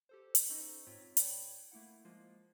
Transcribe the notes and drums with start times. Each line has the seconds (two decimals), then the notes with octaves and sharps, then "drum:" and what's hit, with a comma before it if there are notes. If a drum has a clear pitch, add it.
0.09 G4 A4 C5
0.35 drum: hi-hat
0.50 C#4 D#4 A4 C5 D#5 C#6
0.87 G#2 C4 F4 C#5 B6
1.17 B4 C#5 D5 G5 B5, drum: hi-hat
1.72 A3 A#3 E4 F#5
2.05 F3 G#3 A#3 F4